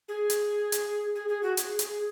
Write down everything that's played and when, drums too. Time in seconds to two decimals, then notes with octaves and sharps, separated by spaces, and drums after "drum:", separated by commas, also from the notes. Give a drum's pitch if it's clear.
0.08 G#4
0.30 drum: hi-hat
0.72 drum: hi-hat
1.15 G#4
1.28 G#4
1.43 F#4
1.57 G#4, drum: hi-hat
1.79 G#4, drum: hi-hat